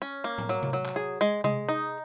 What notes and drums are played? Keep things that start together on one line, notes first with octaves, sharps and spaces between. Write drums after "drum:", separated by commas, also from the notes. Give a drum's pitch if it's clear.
C#4
A#3
drum: tom A2
F#3
drum: tom C3
F#3
drum: clap
G#4
G#3
G#3, drum: tom C3
D#4